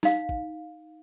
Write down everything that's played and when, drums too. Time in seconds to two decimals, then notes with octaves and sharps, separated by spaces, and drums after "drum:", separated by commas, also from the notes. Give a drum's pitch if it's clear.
0.03 D#4 F5, drum: snare
0.29 drum: kick